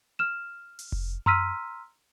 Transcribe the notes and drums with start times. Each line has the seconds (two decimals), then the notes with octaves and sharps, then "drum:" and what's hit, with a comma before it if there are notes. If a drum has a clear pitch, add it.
0.19 F6 E7
0.79 drum: open hi-hat
0.92 drum: kick F1
1.26 A#5 C6 E6 F6 B6 D#7, drum: tom F#2